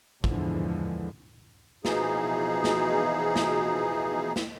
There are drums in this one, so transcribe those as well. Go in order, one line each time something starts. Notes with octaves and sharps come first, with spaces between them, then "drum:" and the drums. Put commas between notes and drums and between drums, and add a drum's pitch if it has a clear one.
E2 G#2 D3 E3 F3 G#3, drum: kick
B2 E3 F3 D#4 G#4, drum: snare
drum: snare
drum: snare
drum: snare